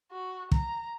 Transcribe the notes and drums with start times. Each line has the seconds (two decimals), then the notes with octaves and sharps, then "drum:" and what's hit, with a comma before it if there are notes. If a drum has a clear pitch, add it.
0.11 F#4
0.52 A#5, drum: kick